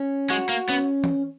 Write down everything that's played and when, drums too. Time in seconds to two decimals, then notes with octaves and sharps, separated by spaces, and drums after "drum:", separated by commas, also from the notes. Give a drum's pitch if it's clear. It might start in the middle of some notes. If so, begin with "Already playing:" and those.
Already playing: C#4
0.30 G#3 F#4
0.49 A#3
0.69 B3 C#4
1.04 drum: tom E3